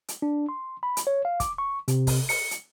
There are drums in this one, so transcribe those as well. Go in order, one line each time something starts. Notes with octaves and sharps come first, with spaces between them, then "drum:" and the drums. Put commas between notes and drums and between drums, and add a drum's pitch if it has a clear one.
drum: hi-hat
D4
C6
B5
drum: hi-hat
C#5
F5
D6, drum: kick, hi-hat
C#6
C3, drum: hi-hat
drum: kick, open hi-hat
C#7, drum: open hi-hat
drum: hi-hat